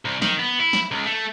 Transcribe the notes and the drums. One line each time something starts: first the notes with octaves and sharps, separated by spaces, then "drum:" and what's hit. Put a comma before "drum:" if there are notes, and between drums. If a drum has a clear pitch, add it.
C2
D#3, drum: snare
B3
E4
drum: snare
C#2
A3